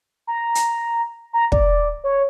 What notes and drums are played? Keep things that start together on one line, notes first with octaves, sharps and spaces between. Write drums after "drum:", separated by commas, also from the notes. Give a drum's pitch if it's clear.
A#5
drum: hi-hat
A#5
D5, drum: kick
C#5